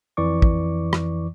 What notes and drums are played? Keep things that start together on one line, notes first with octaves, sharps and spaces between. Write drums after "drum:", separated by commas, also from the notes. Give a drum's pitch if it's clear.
F2 E3 D5 C#6 D6
drum: kick
drum: rim click